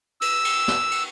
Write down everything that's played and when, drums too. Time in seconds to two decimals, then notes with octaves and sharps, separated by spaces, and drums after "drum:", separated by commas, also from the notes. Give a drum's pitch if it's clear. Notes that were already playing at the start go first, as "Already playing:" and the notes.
0.21 E6, drum: cymbal
0.45 drum: cymbal
0.68 drum: snare
0.91 drum: cymbal